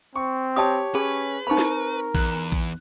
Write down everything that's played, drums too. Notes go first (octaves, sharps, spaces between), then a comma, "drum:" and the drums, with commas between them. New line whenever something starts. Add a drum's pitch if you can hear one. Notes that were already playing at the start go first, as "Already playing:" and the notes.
C4 C#6
G4 C#5 A5 D#6
C#4 G#4 B4
C4 D#4 A#4 B5 C#6
drum: snare
E2 F#6, drum: kick A#1
drum: kick A#1